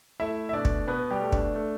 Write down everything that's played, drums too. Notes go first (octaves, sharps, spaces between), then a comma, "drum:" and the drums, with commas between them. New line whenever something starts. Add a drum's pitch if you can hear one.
A3 E4 E5
E5
B2 D4 D5
drum: kick
B2 B3 B4
G3 G4
A3
D4, drum: kick
A3